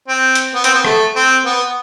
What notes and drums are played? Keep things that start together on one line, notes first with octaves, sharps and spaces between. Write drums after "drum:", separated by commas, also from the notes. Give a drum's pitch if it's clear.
C4
drum: hi-hat
B3
C4, drum: hi-hat
B3
A3, drum: rim click
C4
B3